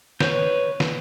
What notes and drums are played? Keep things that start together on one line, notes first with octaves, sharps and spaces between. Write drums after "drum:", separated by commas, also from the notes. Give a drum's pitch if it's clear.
B4 C#5 G6, drum: snare
drum: snare